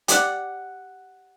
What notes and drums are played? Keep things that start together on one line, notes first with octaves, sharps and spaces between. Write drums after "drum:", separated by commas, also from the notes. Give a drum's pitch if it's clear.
G4 D5 F#5, drum: hi-hat